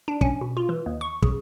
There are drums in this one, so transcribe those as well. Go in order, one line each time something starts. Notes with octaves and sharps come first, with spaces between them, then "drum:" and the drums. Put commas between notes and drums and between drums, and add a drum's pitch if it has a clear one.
D4
C#4, drum: kick
B2
F4
E3
D#2
C#6
C#3, drum: kick